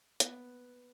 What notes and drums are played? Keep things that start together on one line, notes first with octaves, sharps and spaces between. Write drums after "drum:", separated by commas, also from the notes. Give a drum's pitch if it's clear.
B3, drum: hi-hat